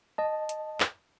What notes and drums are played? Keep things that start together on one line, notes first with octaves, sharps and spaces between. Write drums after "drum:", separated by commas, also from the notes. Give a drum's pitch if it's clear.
D#5 A5
drum: hi-hat
drum: clap